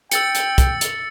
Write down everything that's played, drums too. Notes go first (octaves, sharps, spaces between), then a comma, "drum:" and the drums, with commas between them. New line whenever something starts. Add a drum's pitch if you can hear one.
G5 E6 A6 C#7, drum: hi-hat
drum: hi-hat
drum: kick, hi-hat
drum: hi-hat